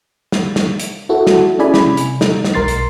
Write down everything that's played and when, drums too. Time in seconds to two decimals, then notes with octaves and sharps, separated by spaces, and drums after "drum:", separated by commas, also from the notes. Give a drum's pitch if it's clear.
0.32 drum: snare
0.56 drum: snare
0.80 drum: hi-hat
1.09 E4 F#4 A4
1.27 drum: snare
1.59 C#4 E4 G#4 D5 G#5 B5
1.74 drum: snare
1.87 C3
1.97 drum: hi-hat
2.21 D#4, drum: snare
2.44 drum: snare
2.54 B1 A#4 C6 A6 C7
2.68 drum: hi-hat